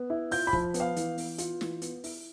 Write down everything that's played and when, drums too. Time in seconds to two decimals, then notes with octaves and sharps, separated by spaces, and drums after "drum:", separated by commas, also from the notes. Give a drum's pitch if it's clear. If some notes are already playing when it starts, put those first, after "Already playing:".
Already playing: B3
0.10 E4
0.31 F4 G6, drum: open hi-hat
0.47 B5
0.53 F3, drum: kick
0.74 B3, drum: hi-hat
0.80 F5
0.96 E3, drum: hi-hat
1.18 B3, drum: open hi-hat
1.38 F4, drum: hi-hat
1.61 E3, drum: snare
1.82 B3, drum: hi-hat
2.04 E4, drum: open hi-hat